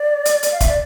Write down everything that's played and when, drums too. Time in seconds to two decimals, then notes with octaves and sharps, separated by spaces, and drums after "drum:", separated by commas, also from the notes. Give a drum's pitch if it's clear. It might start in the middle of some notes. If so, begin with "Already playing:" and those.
Already playing: D5
0.26 drum: hi-hat
0.43 drum: hi-hat
0.52 F5
0.61 E5, drum: kick, hi-hat
0.69 D5